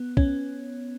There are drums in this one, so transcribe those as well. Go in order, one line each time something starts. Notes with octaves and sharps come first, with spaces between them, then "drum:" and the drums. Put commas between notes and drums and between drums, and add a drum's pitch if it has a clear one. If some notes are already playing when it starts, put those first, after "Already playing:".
Already playing: B3
C#4, drum: kick